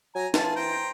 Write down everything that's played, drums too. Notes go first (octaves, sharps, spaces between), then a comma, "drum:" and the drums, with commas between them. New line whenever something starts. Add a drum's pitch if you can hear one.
F#3 G#5 A#5
E3 F4 G#4 A5, drum: snare
C5 G5 A#5